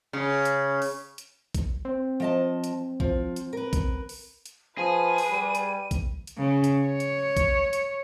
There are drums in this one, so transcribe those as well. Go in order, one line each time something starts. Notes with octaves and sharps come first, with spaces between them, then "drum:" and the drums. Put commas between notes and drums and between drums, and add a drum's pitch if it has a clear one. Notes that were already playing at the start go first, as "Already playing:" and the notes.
C#3
drum: hi-hat
drum: open hi-hat
drum: hi-hat
drum: kick A#1, hi-hat
C4
F3 D#5 A5
drum: hi-hat
F3, drum: kick A#1
drum: hi-hat
A#4 B4
drum: kick A#1, hi-hat
drum: open hi-hat
drum: hi-hat
F3 G#4 B4 D#7
drum: open hi-hat
G3
drum: hi-hat
drum: kick A#1, hi-hat
drum: hi-hat
C#3
drum: hi-hat
C#5
drum: hi-hat
drum: kick A#1, hi-hat
drum: hi-hat